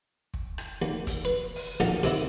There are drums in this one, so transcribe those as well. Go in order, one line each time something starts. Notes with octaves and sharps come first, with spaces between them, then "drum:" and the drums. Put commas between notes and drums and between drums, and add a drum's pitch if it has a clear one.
drum: kick
drum: rim click
D#2
drum: kick, hi-hat
B4
drum: open hi-hat
A#1 D#3 A#4 F#5 A5
C3 D#3 E4, drum: hi-hat